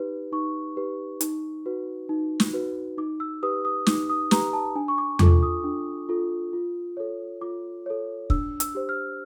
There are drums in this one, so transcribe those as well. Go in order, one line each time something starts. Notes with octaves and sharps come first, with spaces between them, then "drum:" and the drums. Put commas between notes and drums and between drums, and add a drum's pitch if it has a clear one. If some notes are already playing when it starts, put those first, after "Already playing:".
Already playing: D#4 G4 B4
D#4 C#6
G4 B4
D#4, drum: hi-hat
F#4 B4
D#4
drum: snare
F#4 B4
D#4 D6
E6
G4 B4 D#6
D#6
D#4 D6, drum: snare
D#6
G4 B4 A#5, drum: snare
A5
D4 G#5
C#6
D6
F4 A4 D6, drum: tom E2
D#6
D4
F4 A4
F4
A4 C#5
F4 D6
A4 C#5
D4 E6, drum: kick
E6, drum: hi-hat
G4 C5
F6